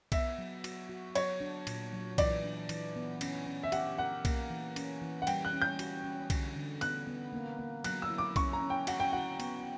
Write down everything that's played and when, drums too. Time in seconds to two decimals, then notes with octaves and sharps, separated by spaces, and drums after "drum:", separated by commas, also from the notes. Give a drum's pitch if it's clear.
0.12 B3 E5, drum: kick B1, cymbal
0.38 F#3
0.64 F#4, drum: cymbal
0.89 F#4
1.15 F#3 C#5, drum: cymbal
1.41 D4
1.67 A#2, drum: cymbal
1.93 F#3
2.18 E3 D5, drum: kick B1, cymbal
2.44 D4
2.69 E3, drum: cymbal
2.96 B3
3.21 C#4, drum: cymbal
3.47 C#4
3.63 E5
3.72 G4 F#5, drum: cymbal
3.98 A#4 F#5
4.25 A#3, drum: kick B1, cymbal
4.50 E3
4.76 C#4, drum: cymbal
5.02 E3
5.22 F#5
5.27 G3 G5, drum: cymbal
5.45 F#6
5.53 C#4
5.62 G6
5.79 F#4, drum: cymbal
6.04 C#4
6.30 D3, drum: kick B1, cymbal
6.56 D3
6.81 B3 F#6, drum: cymbal
7.07 B3
7.33 A#3
7.59 A#3
7.84 F#3 F#6, drum: cymbal
8.02 E6
8.10 E4
8.18 D6
8.36 C#4 C#6, drum: kick B1, cymbal
8.53 A#5
8.61 C#4
8.70 G5
8.87 F#4 F#5, drum: cymbal
9.00 G5
9.13 F#4 F#5
9.40 B3, drum: cymbal